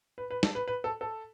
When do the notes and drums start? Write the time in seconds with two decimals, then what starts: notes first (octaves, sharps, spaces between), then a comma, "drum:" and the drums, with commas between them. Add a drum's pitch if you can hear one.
0.18 B4
0.31 B4
0.43 A4, drum: snare
0.55 B4
0.68 B4
0.84 A4
1.01 A4